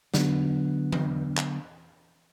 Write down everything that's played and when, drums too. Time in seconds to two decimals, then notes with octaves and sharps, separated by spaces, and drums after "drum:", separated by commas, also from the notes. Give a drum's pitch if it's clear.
0.14 D3 F#3 B3, drum: snare
0.92 drum: tom E3
1.37 drum: clap